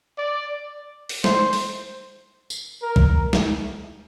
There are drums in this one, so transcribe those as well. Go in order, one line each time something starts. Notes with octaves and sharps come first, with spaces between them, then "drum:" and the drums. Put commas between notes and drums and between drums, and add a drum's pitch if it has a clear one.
D5
drum: open hi-hat
C5, drum: snare
drum: open hi-hat
drum: tambourine
A#4
drum: kick B1
drum: snare